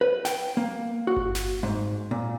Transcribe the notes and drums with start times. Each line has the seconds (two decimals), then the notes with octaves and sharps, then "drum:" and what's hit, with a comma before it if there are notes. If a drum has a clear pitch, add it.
0.01 B4
0.25 G5, drum: snare
0.57 A#3
1.07 F#4
1.16 drum: kick G1
1.35 drum: snare
1.63 G#2
2.11 A#2